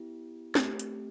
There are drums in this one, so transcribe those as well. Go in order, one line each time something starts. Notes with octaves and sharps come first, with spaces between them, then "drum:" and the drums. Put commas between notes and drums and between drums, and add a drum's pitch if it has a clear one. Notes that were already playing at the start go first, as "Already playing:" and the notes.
Already playing: B3 E4 G4
A3 C4 G4, drum: snare
drum: hi-hat